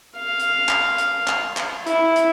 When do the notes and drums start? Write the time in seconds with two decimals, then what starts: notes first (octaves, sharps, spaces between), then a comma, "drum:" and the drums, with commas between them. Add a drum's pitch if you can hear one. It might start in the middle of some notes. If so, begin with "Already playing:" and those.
0.18 F5
0.39 drum: hi-hat
0.69 drum: clap
0.98 drum: hi-hat
1.28 drum: clap
1.57 drum: clap
1.86 E4, drum: hi-hat
2.16 drum: hi-hat